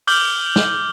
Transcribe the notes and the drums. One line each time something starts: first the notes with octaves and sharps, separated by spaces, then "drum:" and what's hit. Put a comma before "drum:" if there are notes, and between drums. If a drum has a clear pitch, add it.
D6 F6 G6 F#7 G7, drum: open hi-hat
drum: snare